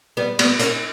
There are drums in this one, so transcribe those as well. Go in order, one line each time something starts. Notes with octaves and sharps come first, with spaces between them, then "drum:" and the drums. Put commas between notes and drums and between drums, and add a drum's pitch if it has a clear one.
G3 B3
G3 B3, drum: cymbal
A#3 C#4, drum: hi-hat